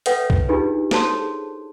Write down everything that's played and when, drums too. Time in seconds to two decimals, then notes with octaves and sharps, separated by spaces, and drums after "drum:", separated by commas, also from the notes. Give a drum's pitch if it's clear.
0.06 A4 B4 C#5 E5 F#5 G5, drum: hi-hat
0.30 drum: kick C2
0.49 D4 D#4 F4 G4 G#4 B4
0.91 A4 C5 C#5 A5 C6, drum: snare
1.20 G#4